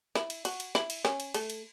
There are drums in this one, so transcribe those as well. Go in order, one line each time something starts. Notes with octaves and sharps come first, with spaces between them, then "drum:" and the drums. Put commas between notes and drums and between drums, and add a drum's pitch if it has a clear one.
E4, drum: snare
drum: cymbal
F#4, drum: cymbal
drum: cymbal
E4, drum: snare
drum: cymbal
C#4, drum: snare
drum: cymbal
A3, drum: cymbal
drum: cymbal